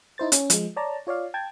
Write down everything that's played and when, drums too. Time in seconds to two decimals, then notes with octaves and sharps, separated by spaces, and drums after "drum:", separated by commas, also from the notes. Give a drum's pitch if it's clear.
0.18 D#4 E4 C5 A6
0.32 C#4, drum: hi-hat
0.50 F3 G#3, drum: hi-hat
0.76 C#5 D5 A5 A#5
1.07 F4 C#5 D5 F5
1.34 G5 A5 G#6